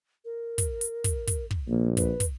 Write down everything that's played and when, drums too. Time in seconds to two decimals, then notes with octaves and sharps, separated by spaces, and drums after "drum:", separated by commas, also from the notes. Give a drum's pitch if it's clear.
0.25 A#4
0.58 drum: kick, hi-hat
0.81 drum: hi-hat
1.04 drum: kick, hi-hat
1.27 drum: kick, hi-hat
1.51 drum: kick
1.68 A#1 A#3
1.97 B4, drum: kick, hi-hat
2.20 drum: kick, hi-hat